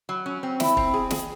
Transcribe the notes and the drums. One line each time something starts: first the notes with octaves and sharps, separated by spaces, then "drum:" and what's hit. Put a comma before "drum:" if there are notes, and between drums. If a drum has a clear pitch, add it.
F#3
C#4
C4
E4, drum: snare
C4, drum: kick
G#4
G#4, drum: snare